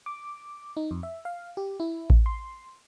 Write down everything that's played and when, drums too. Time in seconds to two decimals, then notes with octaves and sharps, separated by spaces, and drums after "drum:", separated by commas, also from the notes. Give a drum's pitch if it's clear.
0.06 D6
0.77 D#4
0.91 F2
1.03 E5
1.25 F5
1.57 G4
1.80 E4
2.10 drum: kick A1
2.26 C6